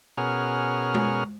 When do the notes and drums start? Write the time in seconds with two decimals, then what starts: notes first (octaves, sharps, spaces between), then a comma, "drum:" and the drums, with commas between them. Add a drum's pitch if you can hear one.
0.17 B2 C#4 G#4 A#4 F#5 F6
0.94 drum: tom G#3